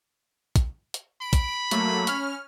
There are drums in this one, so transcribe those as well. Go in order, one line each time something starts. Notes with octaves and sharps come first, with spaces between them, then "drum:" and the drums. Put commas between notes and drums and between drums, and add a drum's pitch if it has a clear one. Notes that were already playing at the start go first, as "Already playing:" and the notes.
drum: kick, hi-hat
drum: hi-hat
B5 D7
drum: kick, hi-hat
F#3 A3 A#3, drum: hi-hat
C#4 F6, drum: hi-hat